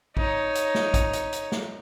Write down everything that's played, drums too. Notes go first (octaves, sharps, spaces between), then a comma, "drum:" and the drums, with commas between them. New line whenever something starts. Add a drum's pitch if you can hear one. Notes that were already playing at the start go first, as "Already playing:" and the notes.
D#4 C#5, drum: kick
drum: hi-hat
drum: snare
drum: kick, hi-hat
drum: hi-hat
drum: hi-hat
drum: snare